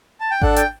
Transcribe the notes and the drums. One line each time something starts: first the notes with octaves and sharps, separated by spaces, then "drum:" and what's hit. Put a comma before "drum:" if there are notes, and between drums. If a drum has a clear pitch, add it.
A5
G5
D4 A4 F#5, drum: kick G#1
G5, drum: hi-hat